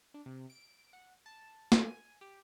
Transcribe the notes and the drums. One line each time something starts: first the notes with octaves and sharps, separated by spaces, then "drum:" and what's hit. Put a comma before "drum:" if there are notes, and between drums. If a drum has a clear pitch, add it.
D4
C3
D7
F#5
A5
drum: snare
G#5
G4